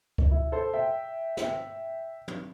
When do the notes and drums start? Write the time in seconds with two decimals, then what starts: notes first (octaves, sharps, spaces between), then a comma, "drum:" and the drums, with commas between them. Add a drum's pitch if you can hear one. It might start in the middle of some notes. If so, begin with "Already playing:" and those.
0.18 drum: kick C#2
0.31 E4
0.52 A4 C5
0.73 E5 G5
1.37 E5 G5, drum: snare
2.28 drum: tom